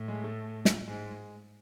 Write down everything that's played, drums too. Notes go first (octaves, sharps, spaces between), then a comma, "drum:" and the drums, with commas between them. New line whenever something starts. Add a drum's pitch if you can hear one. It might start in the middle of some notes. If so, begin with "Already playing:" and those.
Already playing: A2
G#3
A3
drum: snare
G#2 G#3